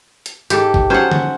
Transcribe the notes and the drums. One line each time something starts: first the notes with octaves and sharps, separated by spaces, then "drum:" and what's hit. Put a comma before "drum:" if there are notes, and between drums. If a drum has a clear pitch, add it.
drum: hi-hat
G#2 G4 A4, drum: hi-hat
drum: kick
F#3 C#4 C5 F#5
drum: tom D3